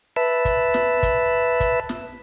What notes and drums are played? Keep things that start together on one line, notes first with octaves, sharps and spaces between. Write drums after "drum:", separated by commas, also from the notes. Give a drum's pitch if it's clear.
B4 E5 A5
drum: kick, hi-hat
drum: snare
drum: kick, hi-hat
drum: kick, hi-hat
drum: snare